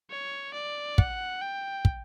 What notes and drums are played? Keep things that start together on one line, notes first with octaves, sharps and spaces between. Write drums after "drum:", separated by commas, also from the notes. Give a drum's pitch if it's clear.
C#5
D5
F#5, drum: kick
G5
drum: kick